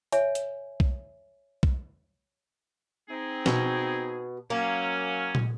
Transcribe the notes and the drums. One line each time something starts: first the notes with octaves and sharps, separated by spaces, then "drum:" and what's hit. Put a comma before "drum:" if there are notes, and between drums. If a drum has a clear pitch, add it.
C#5 E5 G#5, drum: hi-hat
drum: hi-hat
drum: kick B1
drum: kick B1
C4 D#4 G#4
B2, drum: snare
F#3 A#3 C#4
drum: tom A#2